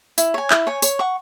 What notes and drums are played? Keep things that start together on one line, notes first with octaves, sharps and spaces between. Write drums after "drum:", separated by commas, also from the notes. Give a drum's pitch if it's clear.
E4, drum: tambourine
C#5 G#5
E4, drum: clap
C#5 G#5
C#5, drum: tambourine
F#5 C#6